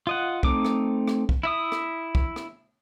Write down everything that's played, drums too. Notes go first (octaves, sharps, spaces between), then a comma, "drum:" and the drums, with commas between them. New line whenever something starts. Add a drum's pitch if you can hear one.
F4 D#5 F#5
A3 C4 D#4 D6, drum: kick
drum: rim click
drum: rim click
drum: kick
E4 E5 D#6
drum: rim click
drum: kick
drum: rim click